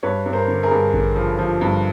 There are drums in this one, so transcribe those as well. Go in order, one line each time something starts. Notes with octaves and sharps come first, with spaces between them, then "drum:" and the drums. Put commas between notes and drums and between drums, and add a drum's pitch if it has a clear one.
G2 B4 C#5
G2
A#4 C5
D3
G#4 A#4
G2
D3, drum: kick A1
F3
F3
G2